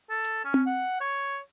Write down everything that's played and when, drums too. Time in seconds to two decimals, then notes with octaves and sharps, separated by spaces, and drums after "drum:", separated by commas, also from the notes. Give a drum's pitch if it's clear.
0.10 A4
0.24 drum: hi-hat
0.45 C#4
0.54 drum: tom C4
0.66 F#5
1.01 C#5